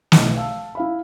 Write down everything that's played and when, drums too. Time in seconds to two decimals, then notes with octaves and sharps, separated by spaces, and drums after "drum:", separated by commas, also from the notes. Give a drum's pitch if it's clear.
0.12 B1 A2 B3 D#5, drum: snare
0.36 F5 A5 E6
0.75 E4 F5 B5